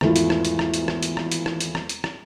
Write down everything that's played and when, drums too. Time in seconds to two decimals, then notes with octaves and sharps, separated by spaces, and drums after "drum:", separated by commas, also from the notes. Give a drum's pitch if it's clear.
0.01 G#1 E2 A3 E4 F4, drum: rim click
0.16 drum: hi-hat
0.30 drum: rim click
0.45 drum: hi-hat
0.59 drum: rim click
0.74 drum: hi-hat
0.88 drum: rim click
1.03 drum: hi-hat
1.17 drum: rim click
1.31 drum: hi-hat
1.46 drum: rim click
1.60 drum: hi-hat
1.75 drum: rim click
1.89 drum: hi-hat
2.04 drum: rim click